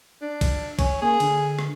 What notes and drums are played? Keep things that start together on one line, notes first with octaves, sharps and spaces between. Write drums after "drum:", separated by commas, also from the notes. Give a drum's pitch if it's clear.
D4
drum: kick, cymbal
C#4, drum: kick, cymbal
A#3 G#4
D3, drum: cymbal
drum: rim click